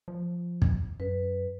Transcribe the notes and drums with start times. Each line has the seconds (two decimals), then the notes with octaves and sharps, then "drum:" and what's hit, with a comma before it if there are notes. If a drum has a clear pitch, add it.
0.08 F3
0.62 drum: kick
1.00 F#2 B4